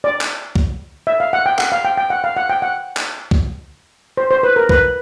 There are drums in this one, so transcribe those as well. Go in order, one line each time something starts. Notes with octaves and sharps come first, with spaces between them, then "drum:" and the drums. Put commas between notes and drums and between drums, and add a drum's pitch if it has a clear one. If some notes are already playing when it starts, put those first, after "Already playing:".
D5
drum: clap
drum: kick
E5
F5
F#5
G5
F#5, drum: clap
F5
G5
G5
F#5
F5
F#5
G5
F#5
drum: clap
drum: kick
C5
C5
B4
A#4
B4, drum: kick